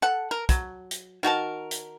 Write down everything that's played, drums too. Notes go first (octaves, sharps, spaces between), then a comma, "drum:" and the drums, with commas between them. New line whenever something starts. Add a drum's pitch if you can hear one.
A4 F#5
A#4
F#3, drum: kick, hi-hat
drum: hi-hat
D#3 F#4 A#4 A5
drum: hi-hat